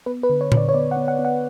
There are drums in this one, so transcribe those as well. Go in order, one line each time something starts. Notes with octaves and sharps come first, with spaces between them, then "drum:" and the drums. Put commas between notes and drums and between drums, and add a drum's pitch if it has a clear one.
B3 B4
B4
D3
C#5
D3, drum: tom A#2
D5
C#5
B3 D5
F#5
B3
F#5
B3
F#5